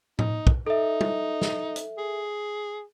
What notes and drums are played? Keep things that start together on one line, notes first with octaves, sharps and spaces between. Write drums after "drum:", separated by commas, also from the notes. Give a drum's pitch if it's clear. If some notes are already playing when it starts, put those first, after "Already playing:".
D#4, drum: tom A2
drum: kick
D#4 A4 E5
drum: tom
drum: snare
drum: hi-hat
G#4